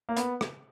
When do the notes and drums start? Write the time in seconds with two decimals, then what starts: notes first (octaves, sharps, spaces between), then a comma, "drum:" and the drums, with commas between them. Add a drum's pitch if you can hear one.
0.09 A#3
0.16 B3, drum: hi-hat
0.41 drum: rim click